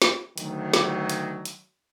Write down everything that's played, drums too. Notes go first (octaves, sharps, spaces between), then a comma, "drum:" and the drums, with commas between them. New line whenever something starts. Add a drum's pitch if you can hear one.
drum: snare
D2 D#3 F#3, drum: hi-hat
drum: snare
drum: hi-hat
drum: hi-hat